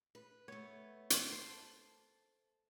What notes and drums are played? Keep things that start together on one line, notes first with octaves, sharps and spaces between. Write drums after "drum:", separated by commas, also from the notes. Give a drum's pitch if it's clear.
B4
A3 B3 C#5
drum: hi-hat
C5 A5